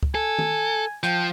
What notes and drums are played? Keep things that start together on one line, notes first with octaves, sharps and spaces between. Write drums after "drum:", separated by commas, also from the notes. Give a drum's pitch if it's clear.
drum: kick C#2
A4 G#5
drum: tom D#3
F3 G5, drum: hi-hat